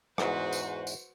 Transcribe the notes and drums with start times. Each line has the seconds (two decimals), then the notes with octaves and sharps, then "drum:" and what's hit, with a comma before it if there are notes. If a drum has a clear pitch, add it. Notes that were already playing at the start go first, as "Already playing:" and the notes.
0.18 E2 G#2 F#4 B4 C5, drum: rim click
0.53 drum: tambourine
0.87 drum: tambourine